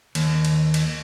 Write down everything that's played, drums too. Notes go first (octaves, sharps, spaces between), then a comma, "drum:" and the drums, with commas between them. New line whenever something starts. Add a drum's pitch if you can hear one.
D#2, drum: cymbal
drum: cymbal
drum: cymbal